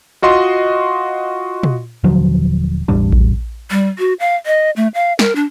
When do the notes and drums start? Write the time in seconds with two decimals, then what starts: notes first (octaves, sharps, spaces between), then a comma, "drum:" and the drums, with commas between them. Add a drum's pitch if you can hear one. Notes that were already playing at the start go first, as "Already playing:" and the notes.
0.22 F4 F#4 D#5 C6
1.63 drum: tom
2.04 D#1 D3 F3 F#3
2.88 E1 A1 G3 D4
3.12 drum: kick A#1
3.71 G3
3.99 F#4
4.20 F5
4.46 D#5
4.76 A3
4.94 F5
5.19 A#4, drum: snare
5.36 D4